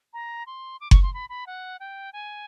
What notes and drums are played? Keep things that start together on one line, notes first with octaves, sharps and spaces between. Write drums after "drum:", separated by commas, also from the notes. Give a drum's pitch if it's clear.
A#5
C6
D6
C#6, drum: kick F#1
C6
B5
B5
F#5
G5
G#5